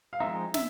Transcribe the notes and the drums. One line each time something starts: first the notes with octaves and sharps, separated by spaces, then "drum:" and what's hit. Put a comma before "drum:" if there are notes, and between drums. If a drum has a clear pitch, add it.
F5
F3 G#3 C4 D#4 E5
E5, drum: snare